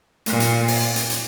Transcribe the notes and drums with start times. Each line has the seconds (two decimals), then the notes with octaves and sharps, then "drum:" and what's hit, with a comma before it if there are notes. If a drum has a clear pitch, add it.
0.26 A#2, drum: hi-hat
0.40 drum: hi-hat
0.68 drum: open hi-hat
0.96 drum: hi-hat
1.10 drum: hi-hat